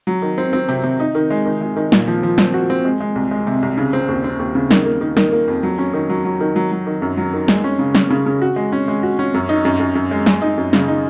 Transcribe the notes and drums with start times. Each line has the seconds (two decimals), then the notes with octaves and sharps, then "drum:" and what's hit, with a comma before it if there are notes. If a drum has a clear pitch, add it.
0.07 F#3
0.22 D#3
0.38 C4
0.53 C4
0.69 C3
0.84 C3
1.00 D#4
1.15 D#3
1.30 G#3
1.46 D#3
1.61 G#3
1.76 D#3
1.92 A#2, drum: snare
2.08 F3
2.23 F3
2.38 C4, drum: snare
2.54 F#4
2.70 C4
2.85 G#3
3.00 G#3
3.15 C2
3.31 G#3
3.47 C3
3.62 C2
3.78 C#3
3.93 C4
4.08 D#2
4.24 C4
4.39 D#2
4.55 C#3
4.71 D#3, drum: snare
4.86 A#3
5.01 D#3
5.17 D#3, drum: snare
5.32 A#3
5.48 F2
5.63 F#3
5.78 C#4
5.94 D#3
6.10 F#3
6.25 F#3
6.41 D#3
6.56 F#3
6.72 F#3
6.87 D#3
7.02 F#2
7.17 F#3
7.33 D#3
7.48 G#3, drum: snare
7.64 C#4
7.79 C#3
7.95 C#4, drum: snare
8.10 C#3
8.26 C#3
8.42 F#4
8.56 G#3
8.72 C#4
8.88 G#3
9.03 F#4
9.19 C#4
9.34 F#2
9.49 D#4
9.65 F#2
9.80 F#2
9.95 F#2
10.11 G#3
10.26 G#3, drum: snare
10.42 D#4
10.58 F#2
10.73 C#3, drum: snare
10.88 D#4